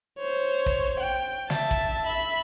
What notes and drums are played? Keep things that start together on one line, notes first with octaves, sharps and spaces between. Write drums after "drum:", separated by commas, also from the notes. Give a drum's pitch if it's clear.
C5 C#5
drum: kick
G5
E5 A5, drum: snare
drum: kick
E5 B5